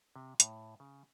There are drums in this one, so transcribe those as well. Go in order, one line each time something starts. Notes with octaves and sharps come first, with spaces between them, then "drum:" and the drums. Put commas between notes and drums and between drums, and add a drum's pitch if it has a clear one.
C3
A2, drum: hi-hat
C#3